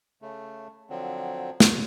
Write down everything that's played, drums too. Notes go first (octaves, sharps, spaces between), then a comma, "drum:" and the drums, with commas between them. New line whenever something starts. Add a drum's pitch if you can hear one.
C#3 A3
D3 F3 F#3 C4
drum: snare